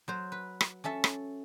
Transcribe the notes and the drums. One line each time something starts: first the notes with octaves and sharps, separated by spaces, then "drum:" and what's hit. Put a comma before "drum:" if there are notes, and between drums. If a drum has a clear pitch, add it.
F#3 C5
B4
drum: rim click
C#4 A4 E5 A5
drum: rim click